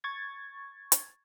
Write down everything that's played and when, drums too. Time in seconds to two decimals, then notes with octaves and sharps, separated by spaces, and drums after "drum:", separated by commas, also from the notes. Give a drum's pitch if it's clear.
0.04 C#6 G#6 A6
0.92 drum: hi-hat